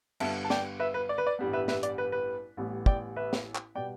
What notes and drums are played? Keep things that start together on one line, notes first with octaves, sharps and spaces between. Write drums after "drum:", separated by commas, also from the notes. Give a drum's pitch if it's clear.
G1 G2 G3 B3 E5 A5, drum: cymbal
A5
D5 G5, drum: snare
B4 E5
B4
D5
B4
D5
A1 G2 G3 B3
B4 E5
B4 E5, drum: snare
D5, drum: hi-hat
B4
B4
A1 A2 G3 B3
D5 G5, drum: kick
B4 E5
drum: snare
drum: clap
B2 G3 B3 D5 G5